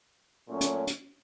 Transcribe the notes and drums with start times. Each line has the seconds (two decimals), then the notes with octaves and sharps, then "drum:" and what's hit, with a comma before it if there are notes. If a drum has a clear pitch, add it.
0.47 A#2 F#3 A3 C#4
0.61 drum: hi-hat
0.87 drum: hi-hat